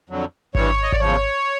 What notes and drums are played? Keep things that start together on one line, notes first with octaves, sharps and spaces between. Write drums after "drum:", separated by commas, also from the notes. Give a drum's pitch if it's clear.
F2 D3 F#3
G2 E3 G3 C#5, drum: kick G#1
D#5
D5, drum: kick G#1
E2 C#3 F3 C#5